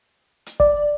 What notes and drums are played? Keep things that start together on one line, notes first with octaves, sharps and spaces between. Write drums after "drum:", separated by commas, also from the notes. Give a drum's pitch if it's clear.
drum: hi-hat
D5, drum: kick F#1